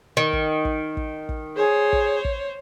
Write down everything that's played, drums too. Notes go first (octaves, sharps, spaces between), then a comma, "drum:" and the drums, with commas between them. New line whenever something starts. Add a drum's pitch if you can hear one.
D#3
drum: kick
drum: kick
drum: kick
drum: kick
G#4 C5 C#5
drum: kick
drum: kick